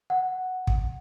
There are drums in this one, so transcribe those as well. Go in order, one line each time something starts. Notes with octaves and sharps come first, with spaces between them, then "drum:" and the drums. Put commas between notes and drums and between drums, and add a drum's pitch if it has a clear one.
F#5
drum: kick